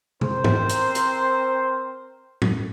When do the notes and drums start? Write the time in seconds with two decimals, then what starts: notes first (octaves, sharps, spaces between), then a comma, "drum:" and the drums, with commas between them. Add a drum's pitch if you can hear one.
0.21 C4 A#4 C5, drum: tom C3
0.44 drum: tom
0.69 drum: hi-hat
0.95 drum: hi-hat
2.42 drum: tom A2